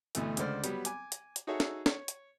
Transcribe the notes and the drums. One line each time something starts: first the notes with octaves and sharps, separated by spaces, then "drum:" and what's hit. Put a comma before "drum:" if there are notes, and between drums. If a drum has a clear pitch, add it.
D2 B2 E3 A3, drum: hi-hat
C#2 D3 C5 D5 F6, drum: hi-hat
F#3 G3 B3, drum: hi-hat
G#5 D6, drum: hi-hat
drum: hi-hat
drum: hi-hat
D#4 F#4 G#4 A4 C#5 E5
drum: snare
C#5, drum: snare
drum: hi-hat